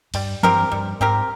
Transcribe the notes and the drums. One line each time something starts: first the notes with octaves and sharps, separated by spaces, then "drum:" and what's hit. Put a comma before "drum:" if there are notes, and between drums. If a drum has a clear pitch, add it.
G2 G3, drum: cymbal
G2 C4 G4 A#4, drum: tom E3
G2 G3
G#2 C4 G4 A#4